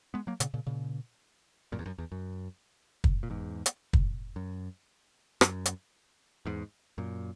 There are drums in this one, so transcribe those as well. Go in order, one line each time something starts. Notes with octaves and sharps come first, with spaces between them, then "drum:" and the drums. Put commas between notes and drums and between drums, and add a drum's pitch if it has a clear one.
G#3 B3
F#3 A#3
A#2 C#3, drum: hi-hat
A#2 C#3
A#2 C#3
F#2 A#2
E2
F#2
E2
F#2
drum: kick
A#2
E2 G#2
drum: hi-hat
drum: kick
F#2
F#2, drum: rim click
drum: hi-hat
E2 G#2
F#2 A#2